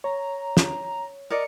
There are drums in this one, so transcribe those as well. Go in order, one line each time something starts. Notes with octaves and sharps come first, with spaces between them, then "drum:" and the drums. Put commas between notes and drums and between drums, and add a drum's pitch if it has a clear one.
C#5 A#5
drum: snare
A#4 D5 D#5 C#7